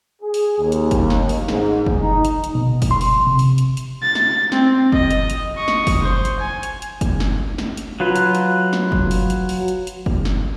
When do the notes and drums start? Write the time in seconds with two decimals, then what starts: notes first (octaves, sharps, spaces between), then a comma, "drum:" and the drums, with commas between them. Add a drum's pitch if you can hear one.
0.22 G#4
0.34 drum: open hi-hat
0.59 D#2
0.72 drum: hi-hat
0.91 drum: kick, hi-hat
1.10 drum: snare
1.29 drum: open hi-hat
1.48 G#2, drum: snare
1.86 drum: kick
1.99 D#4
2.25 drum: hi-hat
2.44 drum: hi-hat
2.55 B2
2.82 drum: kick, open hi-hat
2.91 C6
3.01 drum: open hi-hat
3.27 C3
3.39 drum: open hi-hat
3.58 drum: hi-hat
3.77 drum: hi-hat
4.02 A6
4.15 drum: snare
4.52 C4, drum: snare
4.92 D#5, drum: kick
5.11 drum: hi-hat
5.30 drum: hi-hat
5.57 C#6 D#6
5.68 drum: snare
5.87 drum: kick, open hi-hat
6.03 C5
6.25 drum: hi-hat
6.40 G#5
6.63 drum: hi-hat
6.82 drum: hi-hat
7.01 drum: kick, hi-hat
7.20 drum: snare
7.58 drum: snare
7.77 drum: hi-hat
8.00 F#3 F4 B4
8.16 drum: hi-hat
8.35 drum: hi-hat
8.73 drum: snare
8.92 drum: kick
9.11 drum: open hi-hat
9.30 drum: hi-hat
9.49 drum: open hi-hat
9.68 drum: hi-hat
9.87 drum: hi-hat
10.06 drum: kick
10.25 drum: snare